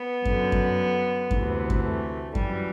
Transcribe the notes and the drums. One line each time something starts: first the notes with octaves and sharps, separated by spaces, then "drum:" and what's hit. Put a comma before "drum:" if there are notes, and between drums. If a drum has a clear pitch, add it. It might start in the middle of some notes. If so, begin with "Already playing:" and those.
Already playing: B3
F#2 D3, drum: kick F#2
drum: kick F#2
D2 C3 E3, drum: kick F#2
drum: kick F#2
A3
F#2 E3 G3, drum: kick F#2